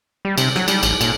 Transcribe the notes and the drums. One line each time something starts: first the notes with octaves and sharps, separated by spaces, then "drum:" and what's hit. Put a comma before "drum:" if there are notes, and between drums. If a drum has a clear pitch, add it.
G3
C3, drum: cymbal
F#3, drum: rim click
G3, drum: cymbal
A1, drum: cymbal
A#2, drum: cymbal